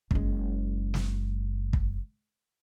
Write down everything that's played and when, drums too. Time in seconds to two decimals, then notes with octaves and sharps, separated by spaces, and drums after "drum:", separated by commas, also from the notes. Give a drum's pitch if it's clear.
0.11 F#1 G#3, drum: kick
0.94 drum: snare
1.73 drum: kick